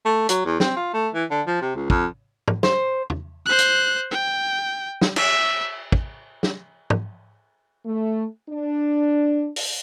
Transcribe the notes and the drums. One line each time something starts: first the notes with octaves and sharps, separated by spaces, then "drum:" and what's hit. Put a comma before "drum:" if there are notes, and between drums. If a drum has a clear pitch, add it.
A3
F#3, drum: hi-hat
E2
C4, drum: snare
F4
A3
E3
D3
F3
C3
C#2
F2, drum: kick
drum: tom
C5, drum: snare
drum: tom
C5 F#6
drum: hi-hat
G5
drum: snare
E5, drum: cymbal
drum: kick
drum: snare
drum: tom
A3
D4
drum: open hi-hat